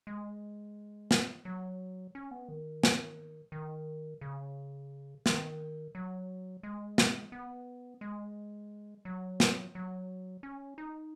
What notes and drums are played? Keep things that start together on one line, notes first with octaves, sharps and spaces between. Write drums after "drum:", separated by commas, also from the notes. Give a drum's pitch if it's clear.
G#3
drum: snare
F#3
C#4
B3
D#3
drum: snare
D#3
C#3
D#3, drum: snare
F#3
G#3
drum: snare
B3
G#3
F#3
drum: snare
F#3
C#4
D#4